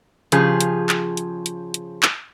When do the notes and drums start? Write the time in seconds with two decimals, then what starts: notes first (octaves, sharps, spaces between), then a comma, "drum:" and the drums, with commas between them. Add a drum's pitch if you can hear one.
0.32 C#3 F3 G4 G#4, drum: hi-hat
0.61 drum: hi-hat
0.89 drum: clap
1.17 drum: hi-hat
1.46 drum: hi-hat
1.74 drum: hi-hat
2.03 drum: clap